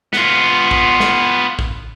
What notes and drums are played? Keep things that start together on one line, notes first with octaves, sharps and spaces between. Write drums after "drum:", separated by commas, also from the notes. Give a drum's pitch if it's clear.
B3 F4, drum: snare
drum: kick
drum: snare
drum: kick